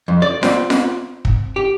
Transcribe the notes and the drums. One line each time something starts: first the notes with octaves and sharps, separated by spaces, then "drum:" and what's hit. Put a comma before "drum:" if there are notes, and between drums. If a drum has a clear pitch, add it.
F2
D5
C4, drum: snare F4
drum: snare F4
drum: kick
G4